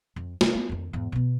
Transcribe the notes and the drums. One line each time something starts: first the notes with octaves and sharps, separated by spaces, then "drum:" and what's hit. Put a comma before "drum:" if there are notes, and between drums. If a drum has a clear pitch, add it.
F2
C#3, drum: snare
B3
F2 D#3
E2 G#2
B2 B3